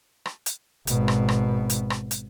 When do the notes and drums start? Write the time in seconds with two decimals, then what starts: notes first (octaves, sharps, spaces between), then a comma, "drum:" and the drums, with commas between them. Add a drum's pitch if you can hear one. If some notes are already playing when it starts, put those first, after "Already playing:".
0.26 drum: rim click
0.46 drum: hi-hat
0.87 G#1 B2, drum: hi-hat
1.08 drum: rim click
1.29 drum: rim click
1.70 drum: hi-hat
1.90 drum: rim click
2.11 drum: hi-hat